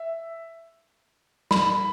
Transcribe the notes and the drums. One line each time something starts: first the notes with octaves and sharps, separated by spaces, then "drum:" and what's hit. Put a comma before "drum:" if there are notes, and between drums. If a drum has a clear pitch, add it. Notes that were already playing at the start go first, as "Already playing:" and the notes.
Already playing: E5
B5, drum: snare